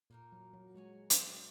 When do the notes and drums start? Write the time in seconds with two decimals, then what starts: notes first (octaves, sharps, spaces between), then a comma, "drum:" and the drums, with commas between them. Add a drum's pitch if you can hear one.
0.10 A#2 A#3 D#4 A#4
0.32 F#3
0.54 F#3
0.74 G#3 F#4 C#5 G#5
1.10 drum: hi-hat